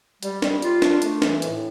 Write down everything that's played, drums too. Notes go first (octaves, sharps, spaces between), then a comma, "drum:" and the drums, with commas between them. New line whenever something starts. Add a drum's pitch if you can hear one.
G3, drum: hi-hat
G3, drum: snare
F4, drum: hi-hat
D4, drum: snare
A3, drum: hi-hat
E3, drum: snare
A2, drum: hi-hat